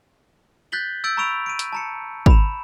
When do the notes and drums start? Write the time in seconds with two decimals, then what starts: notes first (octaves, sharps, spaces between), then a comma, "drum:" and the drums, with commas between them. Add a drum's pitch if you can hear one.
0.72 F#6 G6 A6 B6 F#7 G7
1.04 E6 G6 A6 D7 F#7
1.17 A#5 B5 C#6 E6 D7 F7
1.46 D7 D#7
1.59 drum: hi-hat
1.73 A5 A#5 C#7
2.26 B5 E7, drum: kick